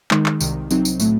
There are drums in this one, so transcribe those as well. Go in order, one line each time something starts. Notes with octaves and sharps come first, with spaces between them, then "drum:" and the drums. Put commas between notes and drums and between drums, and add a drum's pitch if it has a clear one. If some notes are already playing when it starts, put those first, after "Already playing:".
D#3 G#3 D#4, drum: clap
drum: clap
C2 C3 D#3, drum: tambourine
C2 C3 F#3 C4 D#4, drum: tambourine
drum: tambourine
A2 F#3 A3, drum: tambourine